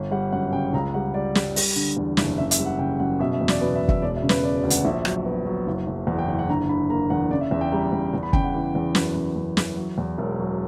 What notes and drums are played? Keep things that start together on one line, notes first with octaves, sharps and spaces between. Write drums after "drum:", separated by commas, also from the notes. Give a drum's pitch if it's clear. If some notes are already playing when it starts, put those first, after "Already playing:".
Already playing: G1
G3 F#5
F#2 F#5
C#3 G5
C#2 A#5
G3 F#5
G3 D5
G3, drum: snare
G3, drum: open hi-hat
D3
E2
F#1, drum: snare
C#3 E5
E5, drum: hi-hat
G3
F#5
C#3 G5
F#2 F#5
B2 E5
E5
E2
D5, drum: snare
B2 B4
E5
B2
E5, drum: kick
E1 D5
E5
C#3
B4, drum: snare
C#3 D5
D5
D2
F#5, drum: hi-hat
A#1 E5
F#3, drum: rim click
B3
F#3
F#1
F#1
E2 F#5
G5
F#1 F#5
F#5
D3 A#5
D3 B5
A#3 A#5
E2 F#5
C#3 D5
E5
E2 E5
G5
G3 A#5
E2
E2
B5
C#3 G5, drum: kick
F#5
E3
E2
F#2 B4, drum: snare
F#2
F#2
E3, drum: snare
F#3
E2
E1 A#4
F#3